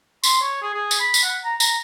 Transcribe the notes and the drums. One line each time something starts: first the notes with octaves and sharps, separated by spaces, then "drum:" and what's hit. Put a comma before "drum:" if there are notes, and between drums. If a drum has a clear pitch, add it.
C6, drum: tambourine
C#5
G#4
G#4
drum: tambourine
B5
drum: tambourine
F#5
A#5
A#5, drum: tambourine